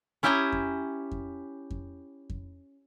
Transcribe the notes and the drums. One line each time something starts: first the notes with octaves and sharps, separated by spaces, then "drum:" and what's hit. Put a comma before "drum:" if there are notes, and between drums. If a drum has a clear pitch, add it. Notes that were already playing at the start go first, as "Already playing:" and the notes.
C#4 E4 G4 G5 G#5 A#5
drum: kick F2
drum: kick F2
drum: kick F2
drum: kick F2